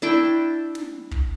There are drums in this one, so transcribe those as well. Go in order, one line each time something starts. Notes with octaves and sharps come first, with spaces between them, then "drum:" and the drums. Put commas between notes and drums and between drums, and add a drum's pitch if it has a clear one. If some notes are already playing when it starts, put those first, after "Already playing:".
D4 E4 G5 C#6
drum: snare
drum: kick